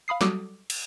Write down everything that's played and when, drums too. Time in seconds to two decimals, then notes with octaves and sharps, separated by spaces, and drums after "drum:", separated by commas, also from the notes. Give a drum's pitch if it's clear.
0.08 F5 B5 D#6 C7
0.21 F#3 G3 F#4 A4 D6 D#6, drum: snare
0.70 drum: cymbal